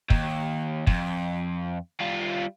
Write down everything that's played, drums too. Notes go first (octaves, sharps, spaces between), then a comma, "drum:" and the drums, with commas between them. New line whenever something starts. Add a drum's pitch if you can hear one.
D#2, drum: kick
F2, drum: kick
G3 F4